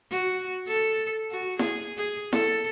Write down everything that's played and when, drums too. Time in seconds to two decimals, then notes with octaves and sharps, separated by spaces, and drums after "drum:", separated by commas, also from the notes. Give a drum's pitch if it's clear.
0.10 F#4
0.67 A4
1.31 F#4
1.59 G#4, drum: snare E4
1.97 G#4
2.33 A4, drum: snare E4